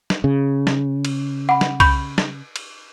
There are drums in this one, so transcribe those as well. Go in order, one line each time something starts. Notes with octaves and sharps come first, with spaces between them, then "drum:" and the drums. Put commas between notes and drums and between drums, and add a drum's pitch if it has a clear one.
drum: snare
C#3
drum: snare
drum: cymbal
F#5 B5
drum: snare
B5 C#6 G6, drum: kick C2, cymbal
drum: snare
drum: cymbal